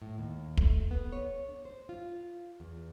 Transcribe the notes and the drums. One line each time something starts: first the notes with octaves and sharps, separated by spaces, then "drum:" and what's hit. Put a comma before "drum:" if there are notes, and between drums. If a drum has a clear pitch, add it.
A2
D#2
A3, drum: kick
B3
C#5
D4
C5
F4
E2